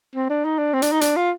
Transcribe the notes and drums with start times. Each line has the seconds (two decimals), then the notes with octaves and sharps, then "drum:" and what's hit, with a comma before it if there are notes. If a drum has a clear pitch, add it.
0.16 C4
0.30 D4
0.45 D#4
0.58 D4
0.73 C4
0.82 D4, drum: hi-hat
0.92 D#4
1.01 D4, drum: hi-hat
1.16 F4